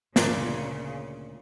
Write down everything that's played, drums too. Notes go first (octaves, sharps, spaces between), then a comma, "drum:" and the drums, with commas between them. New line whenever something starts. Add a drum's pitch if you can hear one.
D2 A#2 C#3, drum: snare